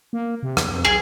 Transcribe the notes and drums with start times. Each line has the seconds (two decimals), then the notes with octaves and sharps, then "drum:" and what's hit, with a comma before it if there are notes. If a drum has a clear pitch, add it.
0.13 A#3
0.43 C3
0.57 E2, drum: rim click
0.72 F2
0.85 B1 G#4